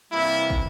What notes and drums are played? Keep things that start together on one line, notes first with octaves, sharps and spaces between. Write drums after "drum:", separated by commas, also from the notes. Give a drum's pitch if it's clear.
C3 E3 G3 A#3 E4
drum: kick